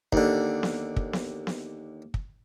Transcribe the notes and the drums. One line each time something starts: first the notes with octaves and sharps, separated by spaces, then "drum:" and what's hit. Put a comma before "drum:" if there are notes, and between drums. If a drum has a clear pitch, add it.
D#2 D3, drum: kick
drum: snare B3
drum: kick
drum: snare B3
drum: snare B3
drum: kick